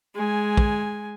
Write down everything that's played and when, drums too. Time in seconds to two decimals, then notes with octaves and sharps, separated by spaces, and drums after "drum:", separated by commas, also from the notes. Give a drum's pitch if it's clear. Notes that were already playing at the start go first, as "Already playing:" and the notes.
0.15 G#3 G#5
0.57 drum: kick